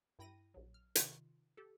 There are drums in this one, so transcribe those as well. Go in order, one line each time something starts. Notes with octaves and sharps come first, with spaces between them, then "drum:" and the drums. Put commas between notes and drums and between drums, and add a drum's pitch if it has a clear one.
G2 E4 G5 B5 A#6 D#7
A#1 F#3
F6
C3 D#3 F4, drum: hi-hat
G4 A4